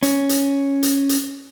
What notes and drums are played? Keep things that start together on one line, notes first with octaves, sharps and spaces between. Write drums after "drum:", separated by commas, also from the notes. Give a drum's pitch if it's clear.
C#4, drum: hi-hat
drum: hi-hat
drum: hi-hat
drum: hi-hat